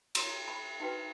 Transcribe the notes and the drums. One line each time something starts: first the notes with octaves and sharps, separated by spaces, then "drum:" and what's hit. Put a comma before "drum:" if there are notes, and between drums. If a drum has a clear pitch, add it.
F4 A#4 C#5 A#5 C6, drum: cymbal
A5 B5
D#4 F#4 B4 G5 A5